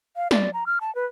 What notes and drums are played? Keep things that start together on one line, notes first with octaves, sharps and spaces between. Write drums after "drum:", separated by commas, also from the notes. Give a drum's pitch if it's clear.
F5
D5, drum: snare
A#5
F6
A5
B4